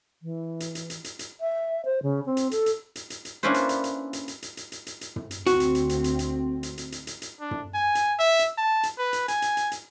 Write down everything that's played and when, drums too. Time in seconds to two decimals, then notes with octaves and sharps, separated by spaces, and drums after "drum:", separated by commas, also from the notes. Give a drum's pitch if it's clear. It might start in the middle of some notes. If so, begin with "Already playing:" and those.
0.23 E3
0.60 drum: hi-hat
0.75 drum: hi-hat
0.90 drum: hi-hat
1.04 drum: hi-hat
1.19 drum: hi-hat
1.41 E5
1.85 C5
2.03 C#3
2.26 C4
2.37 drum: hi-hat
2.51 A4, drum: hi-hat
2.66 drum: hi-hat
2.95 drum: hi-hat
3.10 drum: hi-hat
3.25 drum: hi-hat
3.43 A#3 C#4 D4 E4 B4 C5
3.54 drum: hi-hat
3.69 drum: hi-hat
3.84 drum: hi-hat
4.13 drum: hi-hat
4.28 drum: hi-hat
4.42 drum: hi-hat
4.57 drum: hi-hat
4.72 drum: hi-hat
4.87 drum: hi-hat
5.01 drum: hi-hat
5.16 drum: tom
5.31 drum: hi-hat
5.47 D2 C4 F#4, drum: hi-hat
5.60 drum: hi-hat
5.75 drum: hi-hat
5.89 drum: hi-hat
6.04 drum: hi-hat
6.19 drum: hi-hat
6.63 drum: hi-hat
6.78 drum: hi-hat
6.92 drum: hi-hat
7.07 drum: hi-hat
7.22 drum: hi-hat
7.40 D4
7.51 drum: tom
7.74 G#5
7.95 drum: hi-hat
8.19 E5
8.39 drum: hi-hat
8.58 A5
8.83 drum: hi-hat
8.98 B4
9.13 drum: hi-hat
9.28 G#5, drum: hi-hat
9.42 drum: hi-hat
9.57 drum: hi-hat
9.72 drum: hi-hat